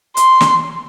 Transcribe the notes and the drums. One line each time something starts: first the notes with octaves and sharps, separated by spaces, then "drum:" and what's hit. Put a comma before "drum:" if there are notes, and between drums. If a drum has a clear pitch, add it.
C6, drum: hi-hat
drum: snare